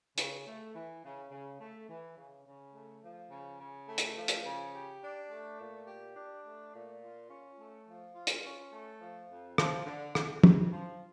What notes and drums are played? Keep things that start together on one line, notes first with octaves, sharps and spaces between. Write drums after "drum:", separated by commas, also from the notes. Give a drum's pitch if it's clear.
C#3, drum: hi-hat
A3
E3
C#3
C#3
A3
E3
C#3
C#3
A3
F3
C#3
C#3
A3
drum: hi-hat
F3
drum: hi-hat
C#3
G4
D4
A3
A#2
G4
D4
A3
A#2
F4
C#4
A3
F3
F4
drum: hi-hat
C#4
A3
F3
F2
F3, drum: rim click
D3
F2, drum: rim click
F2, drum: tom
F3